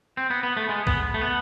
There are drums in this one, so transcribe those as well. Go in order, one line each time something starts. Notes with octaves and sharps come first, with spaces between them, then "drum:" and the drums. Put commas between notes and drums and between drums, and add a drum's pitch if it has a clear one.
C4
B3
B3
A3
G#3
B3, drum: kick A#1
A3
B3